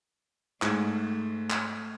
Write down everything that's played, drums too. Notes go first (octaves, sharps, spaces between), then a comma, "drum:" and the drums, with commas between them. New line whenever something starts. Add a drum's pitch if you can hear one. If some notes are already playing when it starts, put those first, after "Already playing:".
G#2 A3, drum: clap
drum: clap